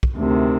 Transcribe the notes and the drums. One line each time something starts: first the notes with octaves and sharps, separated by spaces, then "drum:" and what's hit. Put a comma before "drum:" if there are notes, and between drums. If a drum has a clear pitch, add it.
drum: kick
D2 C3 D#3